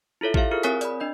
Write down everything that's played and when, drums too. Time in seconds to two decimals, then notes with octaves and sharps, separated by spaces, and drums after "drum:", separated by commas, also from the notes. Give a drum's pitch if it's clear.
0.21 E4 F4 A4 C#5 E5
0.34 E4 G4 C#5 E5 F5, drum: kick A1
0.51 F4 G#4 A#4 F6
0.63 C4 A#4 C#5 G#5 D#6 B6, drum: hi-hat
0.81 D5 B5, drum: hi-hat
1.00 D4 D#5 G6